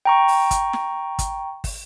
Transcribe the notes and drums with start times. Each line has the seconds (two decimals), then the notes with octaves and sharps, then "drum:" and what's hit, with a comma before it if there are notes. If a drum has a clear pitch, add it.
0.05 G5 A#5 C#6
0.28 drum: open hi-hat
0.51 drum: kick, hi-hat
0.73 drum: snare
1.19 drum: kick, hi-hat
1.64 drum: kick, open hi-hat